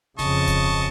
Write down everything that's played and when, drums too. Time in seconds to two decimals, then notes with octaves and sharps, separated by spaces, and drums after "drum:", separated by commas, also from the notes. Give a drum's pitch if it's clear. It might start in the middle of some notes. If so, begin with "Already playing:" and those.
0.19 F2 C#3 D#5 A5 C#6, drum: snare E1
0.47 drum: kick D1, hi-hat